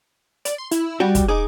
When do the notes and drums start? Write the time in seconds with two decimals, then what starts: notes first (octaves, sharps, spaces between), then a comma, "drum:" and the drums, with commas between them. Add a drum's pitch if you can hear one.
0.45 D5, drum: hi-hat
0.58 C6
0.71 E4, drum: hi-hat
1.00 G3 F#4 G4
1.15 drum: kick, hi-hat
1.28 D#4 G#4 D6